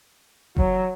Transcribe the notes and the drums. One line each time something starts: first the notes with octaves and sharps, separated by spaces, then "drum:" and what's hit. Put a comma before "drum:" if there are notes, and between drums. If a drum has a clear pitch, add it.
F#3, drum: kick F#1